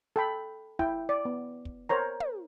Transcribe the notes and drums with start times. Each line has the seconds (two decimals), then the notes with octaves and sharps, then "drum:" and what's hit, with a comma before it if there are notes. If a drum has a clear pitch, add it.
0.16 A4 G5 B5
0.79 E4 G5, drum: kick
1.09 D5
1.25 B3
1.65 drum: kick
1.89 A#4 C5 C#5 A#5
2.20 drum: tom